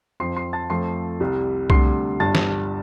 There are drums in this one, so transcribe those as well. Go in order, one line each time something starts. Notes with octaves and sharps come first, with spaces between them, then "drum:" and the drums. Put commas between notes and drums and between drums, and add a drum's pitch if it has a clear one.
F2 F3 C4 C6 C7
C6 C7
A5 A6
F2 F3 A3 C6 C7
C2 C3 G3
D2 C3 G3 D4 C6 C7, drum: kick C2
G1 G2 G3 D4 A5 A6
drum: snare